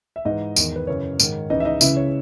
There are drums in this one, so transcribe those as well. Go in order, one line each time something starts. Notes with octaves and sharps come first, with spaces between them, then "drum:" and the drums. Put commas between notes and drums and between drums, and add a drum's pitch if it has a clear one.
E5
G#2 E3 D#4 D#5
E2 D#3, drum: tambourine
B4
F#2 C#3 E3 C#5
G#2 D#3, drum: tambourine
C#2 C#3 E3 D#4 D#5
E5
D#4 D#5
C#2 C#3 E3 E4 E5, drum: tambourine
C#5